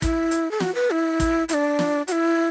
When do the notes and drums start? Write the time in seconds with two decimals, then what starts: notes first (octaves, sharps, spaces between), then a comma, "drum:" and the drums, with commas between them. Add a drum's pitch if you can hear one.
0.02 E4, drum: kick, hi-hat
0.31 drum: hi-hat
0.51 A4
0.60 F#4, drum: snare
0.75 B4
0.91 E4
1.20 drum: kick, hi-hat
1.49 E4, drum: hi-hat
1.54 D4
1.79 drum: snare
2.08 F#4, drum: hi-hat
2.12 E4